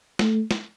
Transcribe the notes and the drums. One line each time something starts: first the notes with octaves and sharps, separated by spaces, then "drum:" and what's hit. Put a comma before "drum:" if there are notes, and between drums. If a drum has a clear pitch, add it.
A3, drum: snare
drum: snare